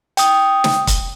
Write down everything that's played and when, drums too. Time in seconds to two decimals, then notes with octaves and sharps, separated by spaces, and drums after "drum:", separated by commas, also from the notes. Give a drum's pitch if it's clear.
0.17 G5 D#6, drum: hi-hat
0.64 drum: snare
0.87 drum: kick, hi-hat